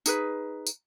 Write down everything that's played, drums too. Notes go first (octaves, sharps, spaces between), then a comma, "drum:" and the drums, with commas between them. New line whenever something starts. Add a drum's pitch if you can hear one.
D#4 G#4 B4, drum: tambourine
drum: tambourine